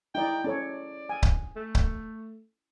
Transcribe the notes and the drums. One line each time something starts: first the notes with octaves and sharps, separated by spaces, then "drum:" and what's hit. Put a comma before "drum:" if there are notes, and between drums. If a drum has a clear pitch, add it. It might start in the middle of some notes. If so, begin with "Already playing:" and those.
D#4 E4 D5 G5
C#4 A4 C#5 D5
G#5
drum: kick C#1
A3
drum: kick C#1